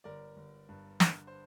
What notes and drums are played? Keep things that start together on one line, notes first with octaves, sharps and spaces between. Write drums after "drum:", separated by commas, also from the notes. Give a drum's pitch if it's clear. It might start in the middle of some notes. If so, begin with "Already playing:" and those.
G1 A#4 D5
G1
G2
D3, drum: snare
C5